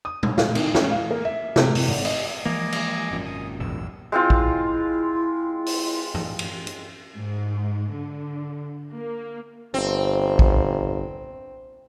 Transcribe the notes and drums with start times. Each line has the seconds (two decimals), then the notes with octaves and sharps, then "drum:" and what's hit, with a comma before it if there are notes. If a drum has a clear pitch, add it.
0.05 D#6
0.23 drum: tom A#2
0.38 F5, drum: snare
0.55 D#3, drum: cymbal
0.75 C#4, drum: snare
0.91 F5
1.11 A#3
1.25 E5
1.56 C3, drum: snare
1.75 C3, drum: open hi-hat
1.87 G#1
2.05 D#5, drum: cymbal
2.45 E3 F3 G#3 A#3 D#5 G#5 D6
2.72 drum: cymbal
3.11 G#1 F#2 A#2
3.25 D#6
3.60 A#1 E2 G#2 E6
4.12 G#3 C4 E4 F4
4.30 drum: kick
5.66 drum: open hi-hat
6.14 drum: tom G2
6.39 drum: cymbal
6.67 drum: hi-hat
7.18 G#2
7.95 D3
8.96 A#3
9.74 G1 C4
10.39 drum: kick